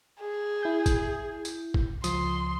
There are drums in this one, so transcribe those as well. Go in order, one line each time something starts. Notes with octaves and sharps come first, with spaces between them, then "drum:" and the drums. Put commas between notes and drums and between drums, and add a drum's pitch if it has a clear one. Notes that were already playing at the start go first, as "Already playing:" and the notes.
G#4
E4 G6
drum: kick, tambourine
drum: tambourine
drum: kick
C#2 F3 C6 D#6, drum: tambourine